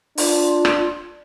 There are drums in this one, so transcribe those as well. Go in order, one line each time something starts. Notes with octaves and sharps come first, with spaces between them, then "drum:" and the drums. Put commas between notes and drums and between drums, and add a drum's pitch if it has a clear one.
D4 F4, drum: open hi-hat
drum: rim click